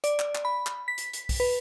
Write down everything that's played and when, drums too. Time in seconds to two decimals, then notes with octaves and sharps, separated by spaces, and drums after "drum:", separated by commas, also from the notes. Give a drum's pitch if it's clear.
0.04 D5, drum: hi-hat
0.19 drum: clap
0.35 drum: clap
0.45 B5
0.66 drum: clap
0.88 B6
0.98 drum: hi-hat
1.13 drum: hi-hat
1.29 drum: kick B1, open hi-hat
1.40 B4